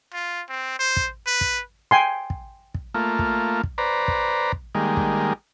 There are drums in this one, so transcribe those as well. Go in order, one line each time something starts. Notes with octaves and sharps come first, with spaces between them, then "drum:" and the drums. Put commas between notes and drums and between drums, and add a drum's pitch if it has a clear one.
F4
C4
C5
drum: kick
B4
drum: kick
G5 G#5 C6
drum: kick
drum: kick
A3 A#3 F4
drum: kick
drum: kick
B4 C5 D5 A#5
drum: kick
drum: kick
D#3 G3 G#3 A#3
drum: kick